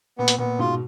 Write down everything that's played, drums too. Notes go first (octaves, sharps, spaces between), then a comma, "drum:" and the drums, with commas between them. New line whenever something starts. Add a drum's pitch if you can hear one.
A#2 B3
drum: hi-hat
A#2 B3
G#2 B2 F4